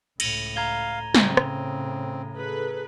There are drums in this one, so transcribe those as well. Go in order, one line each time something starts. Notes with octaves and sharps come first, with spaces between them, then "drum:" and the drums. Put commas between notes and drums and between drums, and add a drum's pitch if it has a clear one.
C#2 A2 A#6 D#7 F7, drum: cymbal
F5 A#5 G#6 G7
A2 C#3 C4, drum: snare
drum: rim click
G#4 A4 B4